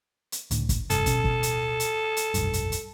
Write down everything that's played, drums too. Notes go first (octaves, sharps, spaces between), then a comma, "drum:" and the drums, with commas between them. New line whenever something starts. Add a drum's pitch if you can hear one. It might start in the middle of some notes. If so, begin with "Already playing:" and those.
drum: hi-hat
C#2 A2 D3, drum: hi-hat
drum: kick, hi-hat
F1 G2 C3 A4, drum: hi-hat
D1 B2 C#4, drum: kick, hi-hat
drum: kick
drum: hi-hat
drum: hi-hat
drum: hi-hat
F1 B1 G2, drum: hi-hat
drum: hi-hat
drum: hi-hat